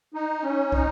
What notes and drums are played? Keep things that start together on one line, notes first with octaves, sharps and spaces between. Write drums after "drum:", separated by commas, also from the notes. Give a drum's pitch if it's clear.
D#4
C#4
D#4, drum: kick